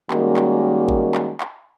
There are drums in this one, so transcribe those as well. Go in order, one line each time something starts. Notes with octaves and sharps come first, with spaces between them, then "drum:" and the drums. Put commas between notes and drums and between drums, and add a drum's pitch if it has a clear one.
D#3 G3 G#3 A#3 C#4 F#4, drum: clap
drum: clap
drum: kick G#1
drum: clap
drum: clap